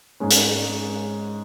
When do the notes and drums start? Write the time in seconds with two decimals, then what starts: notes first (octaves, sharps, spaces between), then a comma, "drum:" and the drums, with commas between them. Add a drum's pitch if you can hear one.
0.20 G#2 G#3 C#4
0.31 drum: hi-hat